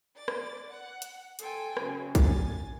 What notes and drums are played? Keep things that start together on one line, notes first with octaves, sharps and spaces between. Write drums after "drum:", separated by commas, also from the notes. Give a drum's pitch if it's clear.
D5 A6
drum: rim click
F#5
drum: hi-hat
A4 C5 G5 G#5, drum: hi-hat
F#2 C#3, drum: rim click
G#5 A6, drum: kick, hi-hat